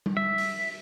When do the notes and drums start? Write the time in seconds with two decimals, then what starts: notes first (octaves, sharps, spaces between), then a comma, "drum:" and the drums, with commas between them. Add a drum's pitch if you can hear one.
0.06 drum: tom G3
0.17 E5
0.38 drum: open hi-hat